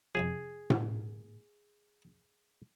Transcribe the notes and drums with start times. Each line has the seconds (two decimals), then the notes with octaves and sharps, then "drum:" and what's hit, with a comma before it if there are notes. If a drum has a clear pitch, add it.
0.15 F2 C3 F3 G#4
0.70 drum: tom A2